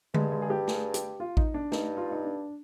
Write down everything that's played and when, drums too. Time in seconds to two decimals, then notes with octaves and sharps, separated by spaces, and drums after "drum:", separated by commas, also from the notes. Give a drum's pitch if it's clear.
0.14 G2 G#3, drum: tom D3
0.32 G#3
0.42 G#4
0.50 G4
0.68 G#4, drum: snare
0.94 G4, drum: hi-hat
1.20 F4
1.37 D#4, drum: kick A1
1.54 D4
1.72 G2 D#4, drum: snare
1.97 F4
2.12 D#4
2.24 D4